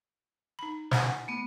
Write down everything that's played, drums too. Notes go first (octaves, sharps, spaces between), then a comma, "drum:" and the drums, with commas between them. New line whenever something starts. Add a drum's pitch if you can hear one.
D#4 B5
C5 F#5 G#5, drum: snare
A3 B3